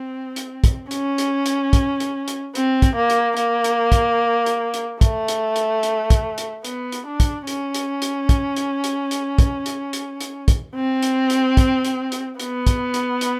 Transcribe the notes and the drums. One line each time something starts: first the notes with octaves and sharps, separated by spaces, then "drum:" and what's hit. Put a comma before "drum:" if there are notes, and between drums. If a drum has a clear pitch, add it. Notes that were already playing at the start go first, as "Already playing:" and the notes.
Already playing: C4
drum: hi-hat
drum: kick, hi-hat
C#4, drum: hi-hat
drum: hi-hat
drum: hi-hat
drum: kick, hi-hat
drum: hi-hat
drum: hi-hat
C4, drum: hi-hat
drum: kick, hi-hat
A#3
drum: hi-hat
A#3, drum: hi-hat
drum: hi-hat
drum: kick, hi-hat
drum: hi-hat
drum: hi-hat
A3, drum: kick, hi-hat
drum: hi-hat
drum: hi-hat
drum: hi-hat
drum: kick, hi-hat
drum: hi-hat
B3, drum: hi-hat
drum: hi-hat
D4
drum: kick, hi-hat
C#4, drum: hi-hat
drum: hi-hat
drum: hi-hat
drum: kick, hi-hat
drum: hi-hat
drum: hi-hat
drum: hi-hat
drum: kick, hi-hat
drum: hi-hat
drum: hi-hat
drum: hi-hat
drum: kick, hi-hat
C4
drum: hi-hat
drum: hi-hat
drum: kick, hi-hat
drum: hi-hat
drum: hi-hat
B3, drum: hi-hat
drum: kick, hi-hat
drum: hi-hat
drum: hi-hat